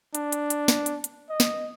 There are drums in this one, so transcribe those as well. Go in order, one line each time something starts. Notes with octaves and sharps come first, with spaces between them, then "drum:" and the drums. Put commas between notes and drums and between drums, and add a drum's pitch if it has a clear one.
D4, drum: hi-hat
drum: hi-hat
drum: hi-hat
drum: snare
drum: hi-hat
drum: hi-hat
D#5
drum: snare